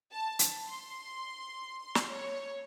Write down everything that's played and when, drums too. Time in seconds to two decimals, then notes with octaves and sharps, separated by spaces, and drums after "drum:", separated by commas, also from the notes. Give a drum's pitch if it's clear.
0.12 A5
0.39 drum: hi-hat
0.66 C6
1.95 drum: snare
2.11 C#5